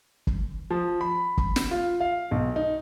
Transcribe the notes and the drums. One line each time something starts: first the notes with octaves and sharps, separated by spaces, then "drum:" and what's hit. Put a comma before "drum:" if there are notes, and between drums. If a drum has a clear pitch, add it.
drum: kick
F3
B5
drum: kick
drum: snare
F4
F5
B1
D#4